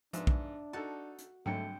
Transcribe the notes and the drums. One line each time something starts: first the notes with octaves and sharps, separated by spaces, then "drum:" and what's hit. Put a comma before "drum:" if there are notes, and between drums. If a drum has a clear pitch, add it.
G#2 F3 B3 D4 E5, drum: hi-hat
drum: kick
D#4 F#4 A4 A5
drum: hi-hat
G#1 G#2 D3 F#3 G3 A3 G5 C#7